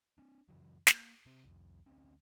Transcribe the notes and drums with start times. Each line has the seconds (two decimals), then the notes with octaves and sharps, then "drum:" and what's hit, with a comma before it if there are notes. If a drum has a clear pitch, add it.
0.18 C4 D4
0.49 F#2 C#3 E3 F#3
0.87 A#3, drum: snare
1.26 C3 C4
1.44 C2 F2
1.86 D2 C4 C#4